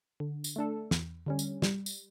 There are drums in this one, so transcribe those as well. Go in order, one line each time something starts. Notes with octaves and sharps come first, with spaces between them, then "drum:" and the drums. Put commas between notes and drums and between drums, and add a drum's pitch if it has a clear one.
D3
drum: tambourine
A3 D4 A4
E2, drum: snare
D3 G3 C#4
drum: tambourine
G3, drum: snare
drum: tambourine